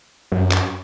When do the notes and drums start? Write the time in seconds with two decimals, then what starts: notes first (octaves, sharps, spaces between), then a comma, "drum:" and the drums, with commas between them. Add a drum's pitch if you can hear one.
0.32 F#2
0.52 drum: clap